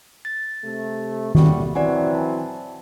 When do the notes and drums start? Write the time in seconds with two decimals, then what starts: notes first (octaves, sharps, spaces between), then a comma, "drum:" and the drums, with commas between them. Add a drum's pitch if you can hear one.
0.25 A6
0.65 C3 A3
1.35 A2 G3 A#3 F#4, drum: tom D#3
1.75 E3 F#3 C4 D5 F#5 G#5
2.14 A5